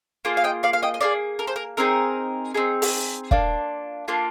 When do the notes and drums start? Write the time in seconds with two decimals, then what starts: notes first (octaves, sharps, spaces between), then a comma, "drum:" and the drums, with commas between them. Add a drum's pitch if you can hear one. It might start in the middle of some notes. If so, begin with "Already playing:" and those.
0.25 A#3 F4 G#4
0.37 F5
0.44 D#5 G5
0.63 D5 F5
0.73 F5
0.83 D#5 G5
0.94 D#5
1.01 A#3 F4 G#4 D5 F5
1.39 A#4
1.47 C5
1.56 A#4
1.77 C4 D#4 G#4 A#4
2.54 C4 D#4 G#4
2.82 drum: open hi-hat
3.31 A#3 D4 F4, drum: kick
4.08 A#3 D4 F4